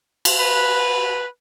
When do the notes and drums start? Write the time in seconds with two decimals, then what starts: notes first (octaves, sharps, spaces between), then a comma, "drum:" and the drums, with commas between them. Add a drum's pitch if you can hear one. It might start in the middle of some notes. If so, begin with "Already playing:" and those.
0.25 drum: cymbal
0.38 B4